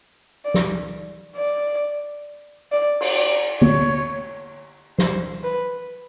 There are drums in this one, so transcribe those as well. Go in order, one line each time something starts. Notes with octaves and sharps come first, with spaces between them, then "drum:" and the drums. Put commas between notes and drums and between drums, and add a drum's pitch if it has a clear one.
D5
drum: snare
D5
D5
drum: cymbal
D5
C#5, drum: tom D3
C5, drum: snare
B4